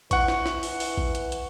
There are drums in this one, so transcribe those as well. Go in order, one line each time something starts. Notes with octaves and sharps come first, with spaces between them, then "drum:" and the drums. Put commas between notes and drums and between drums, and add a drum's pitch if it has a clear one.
E3 F#5 C#6, drum: kick A#1, hi-hat
drum: snare
drum: snare
drum: open hi-hat
drum: open hi-hat
drum: kick A#1
drum: hi-hat
drum: hi-hat